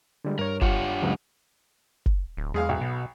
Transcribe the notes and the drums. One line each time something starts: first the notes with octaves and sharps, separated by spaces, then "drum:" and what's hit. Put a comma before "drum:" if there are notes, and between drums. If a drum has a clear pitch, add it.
D3 G3 G#3
G2 A#4 C#5
D4 F4 G4 F#5, drum: kick F#1
F#1 C#2 C#3
drum: kick F#1
D1
E2 G#3 G#4 F5
B1
B2